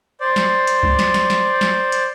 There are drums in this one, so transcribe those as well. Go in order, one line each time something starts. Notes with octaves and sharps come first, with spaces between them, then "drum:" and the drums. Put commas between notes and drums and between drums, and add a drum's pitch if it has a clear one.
C5 D5
drum: snare
drum: hi-hat
drum: kick C2
drum: snare
drum: snare
drum: snare
drum: snare
drum: hi-hat